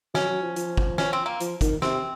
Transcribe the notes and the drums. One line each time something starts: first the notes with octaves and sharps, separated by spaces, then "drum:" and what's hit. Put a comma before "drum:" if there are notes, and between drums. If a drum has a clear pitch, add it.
F#3 C#4, drum: snare
F#3
F3
F3, drum: hi-hat
drum: kick
C#4, drum: snare
C4
A#3
F3, drum: hi-hat
D#3, drum: kick, hi-hat
C3 C4, drum: snare